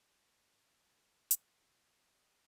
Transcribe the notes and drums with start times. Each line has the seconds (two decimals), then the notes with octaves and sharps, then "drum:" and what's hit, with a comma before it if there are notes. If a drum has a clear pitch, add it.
0.23 B4
0.55 A5
0.86 A3 A4 A#4 F#5 G6
1.31 F3 C4 A4 A#4 G#5, drum: hi-hat
1.66 B2 C#6
2.14 G3 C4 G#4 D#5 F6